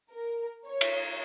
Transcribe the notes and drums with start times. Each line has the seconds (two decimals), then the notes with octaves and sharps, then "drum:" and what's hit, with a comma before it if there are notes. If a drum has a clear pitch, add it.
0.11 A#4
0.66 C#5
0.81 drum: cymbal